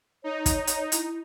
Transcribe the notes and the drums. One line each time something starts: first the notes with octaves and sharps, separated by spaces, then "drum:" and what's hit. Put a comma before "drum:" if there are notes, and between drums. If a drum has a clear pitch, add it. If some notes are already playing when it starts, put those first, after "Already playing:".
D#4 C#5
drum: kick, hi-hat
drum: hi-hat
E4, drum: hi-hat